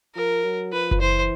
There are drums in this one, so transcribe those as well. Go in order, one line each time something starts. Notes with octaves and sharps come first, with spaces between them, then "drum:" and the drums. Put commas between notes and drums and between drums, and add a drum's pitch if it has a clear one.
F3 A#4
F#3
F3 B4
F3, drum: kick F#1
E3 C5